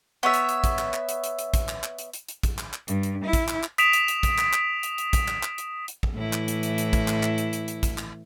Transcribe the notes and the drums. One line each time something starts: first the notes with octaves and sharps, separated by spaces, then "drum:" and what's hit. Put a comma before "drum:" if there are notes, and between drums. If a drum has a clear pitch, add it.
B3 C#5 E5
drum: hi-hat
drum: hi-hat
drum: kick, hi-hat
drum: clap
drum: clap
drum: hi-hat
drum: hi-hat
drum: hi-hat
drum: kick, hi-hat
drum: clap
drum: clap
drum: hi-hat
drum: hi-hat
drum: hi-hat
drum: kick, hi-hat
drum: clap
drum: clap
G2, drum: hi-hat
drum: hi-hat
E4
drum: kick, hi-hat
drum: clap
drum: clap
D#6 B6 D7 E7 F7, drum: hi-hat
drum: hi-hat
drum: hi-hat
drum: kick, hi-hat
drum: clap
drum: clap
drum: hi-hat
drum: hi-hat
drum: kick, hi-hat
drum: clap
drum: clap
drum: hi-hat
drum: hi-hat
drum: kick
A2 E3 E4
drum: clap
drum: hi-hat
drum: hi-hat
drum: hi-hat
drum: kick, hi-hat
drum: clap
drum: clap
drum: hi-hat
drum: hi-hat
drum: hi-hat
drum: kick, hi-hat
drum: clap